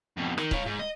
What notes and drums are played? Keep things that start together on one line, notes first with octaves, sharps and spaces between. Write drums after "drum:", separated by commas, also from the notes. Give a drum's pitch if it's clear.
F2 B2
D#3, drum: rim click
F4 C#5, drum: kick
G#2
D#5